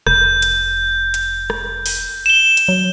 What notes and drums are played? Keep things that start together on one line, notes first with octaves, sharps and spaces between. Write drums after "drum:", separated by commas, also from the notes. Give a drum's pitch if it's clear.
F1 G6, drum: rim click
drum: hi-hat
drum: hi-hat
drum: rim click
drum: open hi-hat
E7 G7
drum: hi-hat
F#3